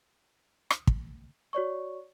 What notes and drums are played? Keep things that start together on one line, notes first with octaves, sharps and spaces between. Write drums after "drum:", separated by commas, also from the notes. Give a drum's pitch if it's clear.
drum: rim click
drum: kick
F#4 C#5 D5 C#6